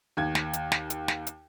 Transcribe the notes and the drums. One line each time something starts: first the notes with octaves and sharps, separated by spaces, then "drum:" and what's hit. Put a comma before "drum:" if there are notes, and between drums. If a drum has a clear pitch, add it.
D#2 G#6
drum: snare
drum: hi-hat
drum: snare
drum: hi-hat
drum: snare
drum: hi-hat